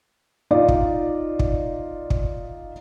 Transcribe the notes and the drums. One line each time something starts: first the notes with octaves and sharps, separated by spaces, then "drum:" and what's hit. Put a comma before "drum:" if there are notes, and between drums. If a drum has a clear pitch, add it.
D#4 F4 D5
drum: kick
drum: kick
drum: kick